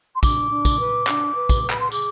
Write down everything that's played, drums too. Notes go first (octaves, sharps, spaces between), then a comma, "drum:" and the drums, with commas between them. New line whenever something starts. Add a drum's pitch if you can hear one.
C6
D4 D6, drum: kick, tambourine
D4
drum: kick, tambourine
B4
D4, drum: clap
B4
drum: kick, tambourine
B4
B5, drum: clap
C6
G#4 D6, drum: tambourine